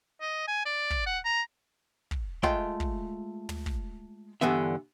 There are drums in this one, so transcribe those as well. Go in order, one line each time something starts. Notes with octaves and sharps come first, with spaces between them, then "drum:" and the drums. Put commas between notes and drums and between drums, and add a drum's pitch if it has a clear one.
D#5
G#5
D5
drum: kick
F#5
A#5
drum: kick
G#3 A3 F4 G5 C6, drum: kick
drum: kick
drum: tom
drum: kick
G2 D3 E3 B3 E5